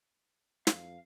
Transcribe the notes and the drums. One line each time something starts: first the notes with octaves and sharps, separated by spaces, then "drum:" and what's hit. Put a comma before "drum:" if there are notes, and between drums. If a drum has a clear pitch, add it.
F2 F5, drum: snare